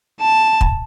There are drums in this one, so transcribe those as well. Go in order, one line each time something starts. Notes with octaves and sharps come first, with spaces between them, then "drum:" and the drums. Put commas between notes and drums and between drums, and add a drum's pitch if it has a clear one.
A5
drum: kick